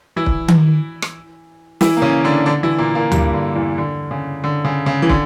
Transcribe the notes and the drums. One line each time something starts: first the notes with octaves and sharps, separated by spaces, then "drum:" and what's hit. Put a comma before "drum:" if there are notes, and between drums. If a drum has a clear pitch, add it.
E3 E4
drum: kick
drum: tom D#3
drum: rim click
E3 E4, drum: snare
A#3
C#3 C#4
D3 D4
D3 D4
E3 E4
A#2 A#3
A#2 A#3
G2 G3, drum: tom D2
D3
E2 E3
D3
C#3
D3
C#3
C#3
E3
D3, drum: kick